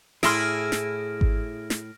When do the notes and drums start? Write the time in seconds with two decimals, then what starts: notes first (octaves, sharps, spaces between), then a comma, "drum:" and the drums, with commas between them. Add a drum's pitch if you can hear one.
0.23 A2 E4 G#4 C6 F6 A#6 D7, drum: snare
0.72 drum: snare
1.21 drum: kick G#1
1.70 drum: snare